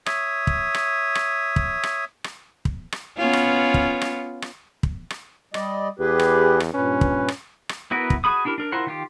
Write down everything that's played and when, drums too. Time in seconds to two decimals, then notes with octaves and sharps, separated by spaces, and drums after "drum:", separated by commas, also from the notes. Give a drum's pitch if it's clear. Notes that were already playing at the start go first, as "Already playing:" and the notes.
0.06 C#5 E5 D#6, drum: rim click
0.47 drum: kick
0.74 drum: rim click
1.15 drum: rim click
1.56 drum: kick
1.83 drum: rim click
2.24 drum: rim click
2.65 drum: kick
2.92 drum: rim click
3.17 B3 C#4 F4
3.33 drum: rim click
3.74 drum: kick
4.01 drum: rim click
4.42 drum: rim click
4.83 drum: kick
5.10 drum: rim click
5.54 G3 D5 D#5, drum: rim click
5.99 E2 G4 G#4 B4
6.19 drum: rim click
6.60 drum: rim click
6.74 G2 A#2 C#4 B4
7.01 drum: kick
7.28 drum: rim click
7.69 drum: rim click
7.91 B3 E4 F#4 A#4 B4
8.10 drum: kick
8.24 F#4 G#4 B5 D#6
8.45 D4 E4 G4 A#4
8.58 D4 A#4
8.72 E4 F4 A#4 C5 F#5
8.87 D#3 F4 G4